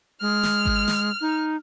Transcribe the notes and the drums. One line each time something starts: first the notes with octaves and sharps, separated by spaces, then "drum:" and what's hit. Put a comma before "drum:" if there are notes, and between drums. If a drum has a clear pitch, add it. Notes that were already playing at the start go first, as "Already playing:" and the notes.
G#3 F6
drum: snare
drum: kick G#1
drum: snare
D#4